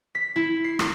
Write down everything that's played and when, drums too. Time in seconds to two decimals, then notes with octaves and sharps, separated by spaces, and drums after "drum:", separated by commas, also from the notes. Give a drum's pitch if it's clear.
0.15 B6
0.36 E4
0.64 C7
0.79 drum: rim click